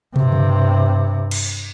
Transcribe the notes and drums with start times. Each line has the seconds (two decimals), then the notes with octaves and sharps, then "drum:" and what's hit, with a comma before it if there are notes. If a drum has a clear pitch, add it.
0.16 G2 C3, drum: tom
0.32 drum: tom C#3
1.31 drum: cymbal